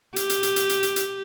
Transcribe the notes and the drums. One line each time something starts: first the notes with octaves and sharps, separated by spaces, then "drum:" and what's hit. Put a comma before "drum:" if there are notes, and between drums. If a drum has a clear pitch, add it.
G4, drum: hi-hat
drum: hi-hat
drum: hi-hat
drum: hi-hat
drum: hi-hat
drum: hi-hat
drum: hi-hat